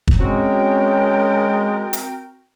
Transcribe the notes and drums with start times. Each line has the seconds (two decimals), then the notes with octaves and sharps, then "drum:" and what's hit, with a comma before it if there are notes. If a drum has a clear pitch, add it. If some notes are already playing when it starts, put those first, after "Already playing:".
0.08 drum: kick
0.19 G#3 C4 C#4 F#4 A#4 G5
1.93 drum: hi-hat